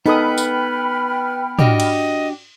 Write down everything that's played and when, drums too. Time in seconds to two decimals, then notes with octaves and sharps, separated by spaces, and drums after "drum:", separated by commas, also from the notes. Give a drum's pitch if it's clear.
0.06 B3 D#4 A4 B4 G5 B5 D#6 F6
0.38 drum: tambourine
1.59 D4 F#4 G4 D#5, drum: tom
1.80 drum: cymbal